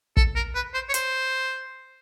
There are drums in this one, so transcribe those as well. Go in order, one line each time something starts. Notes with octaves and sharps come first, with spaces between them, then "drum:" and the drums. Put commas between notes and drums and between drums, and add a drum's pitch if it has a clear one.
A4, drum: kick
A#4
B4
C5
C#5
C5, drum: hi-hat